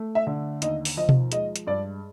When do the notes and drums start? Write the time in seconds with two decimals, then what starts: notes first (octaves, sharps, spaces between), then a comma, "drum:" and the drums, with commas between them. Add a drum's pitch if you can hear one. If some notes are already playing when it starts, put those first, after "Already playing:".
Already playing: A3
0.15 E5
0.27 D3
0.62 D#2 D#5, drum: hi-hat
0.85 drum: open hi-hat
0.97 F3 D#5
1.09 drum: tom B2
1.32 G#3 D#5, drum: hi-hat
1.56 drum: hi-hat
1.67 G2 D5